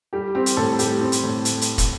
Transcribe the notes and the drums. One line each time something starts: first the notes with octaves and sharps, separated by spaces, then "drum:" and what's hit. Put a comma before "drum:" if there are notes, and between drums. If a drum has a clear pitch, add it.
G3 G4
C4 G4
drum: hi-hat
A2 A4
G3 G4, drum: hi-hat
C4
drum: hi-hat
A2
drum: hi-hat
drum: hi-hat
drum: kick, hi-hat